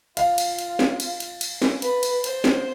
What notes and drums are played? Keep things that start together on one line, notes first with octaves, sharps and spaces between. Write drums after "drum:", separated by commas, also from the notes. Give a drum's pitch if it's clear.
F4 F5, drum: cymbal
drum: cymbal
drum: cymbal
drum: snare
drum: cymbal
drum: cymbal
drum: cymbal
drum: snare
B4, drum: cymbal
drum: cymbal
C5, drum: cymbal
drum: snare